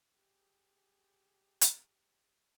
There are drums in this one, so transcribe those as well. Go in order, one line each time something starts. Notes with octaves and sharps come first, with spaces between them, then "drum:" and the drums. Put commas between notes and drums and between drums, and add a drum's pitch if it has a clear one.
G4 G#4
drum: hi-hat